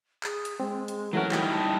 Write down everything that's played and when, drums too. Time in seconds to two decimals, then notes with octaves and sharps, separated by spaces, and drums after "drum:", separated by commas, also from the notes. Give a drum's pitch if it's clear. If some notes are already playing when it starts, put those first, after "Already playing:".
0.24 G#4, drum: clap
0.45 drum: hi-hat
0.60 G#3 C4
0.88 drum: hi-hat
1.13 E3 F#3 A3 F#4 A#4 C#5
1.32 G3 D#4 E4, drum: clap
1.50 A5